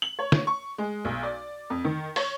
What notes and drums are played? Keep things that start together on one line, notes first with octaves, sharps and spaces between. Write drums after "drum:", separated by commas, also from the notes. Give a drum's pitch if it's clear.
F#7
C#5
drum: snare
C#6
G#3
B1
D5
F2
D#3
C#5, drum: open hi-hat